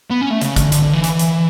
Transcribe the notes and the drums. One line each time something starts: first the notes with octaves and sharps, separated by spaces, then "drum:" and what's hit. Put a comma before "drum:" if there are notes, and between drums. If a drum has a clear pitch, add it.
B3
C#4
A3
C#3, drum: hi-hat
D3, drum: kick, hi-hat
D3, drum: hi-hat
D3
E3
drum: hi-hat
drum: hi-hat